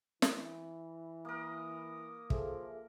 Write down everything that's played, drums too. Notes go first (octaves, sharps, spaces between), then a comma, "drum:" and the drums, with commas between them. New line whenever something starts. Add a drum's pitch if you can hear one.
E3, drum: snare
A#3 A#4 D#6
F3 G#4 A4 E5, drum: kick